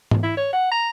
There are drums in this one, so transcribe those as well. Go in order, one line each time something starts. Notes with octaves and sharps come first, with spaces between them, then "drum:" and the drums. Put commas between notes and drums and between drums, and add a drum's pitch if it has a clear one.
drum: tom G#2
E4
C#5
F#5
A#5